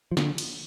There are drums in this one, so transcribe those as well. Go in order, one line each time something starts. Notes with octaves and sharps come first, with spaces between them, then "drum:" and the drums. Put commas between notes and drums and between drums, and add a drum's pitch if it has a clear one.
F3
D3, drum: snare
drum: cymbal